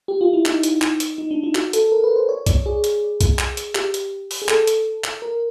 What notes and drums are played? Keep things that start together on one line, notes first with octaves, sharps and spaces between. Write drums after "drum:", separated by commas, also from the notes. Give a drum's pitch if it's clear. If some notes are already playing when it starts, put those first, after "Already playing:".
G4
F4
E4
D#4, drum: clap
drum: hi-hat
drum: clap
drum: hi-hat
D#4
D4
D#4
F#4, drum: clap
A4, drum: hi-hat
A#4
B4
C5
C#5
D5, drum: kick B1, hi-hat
G#4
drum: hi-hat
drum: kick B1, hi-hat
drum: clap
drum: hi-hat
G4, drum: clap
drum: hi-hat
drum: open hi-hat
G#4
A4, drum: clap
drum: hi-hat
drum: clap
A#4